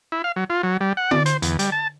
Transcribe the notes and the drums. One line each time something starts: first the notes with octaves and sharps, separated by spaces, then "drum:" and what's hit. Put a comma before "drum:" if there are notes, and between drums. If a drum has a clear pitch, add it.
E4
F5
F#3
F4
F#3
G3
F#5
D5, drum: tom
C5, drum: hi-hat
E2, drum: hi-hat
G3, drum: hi-hat
A5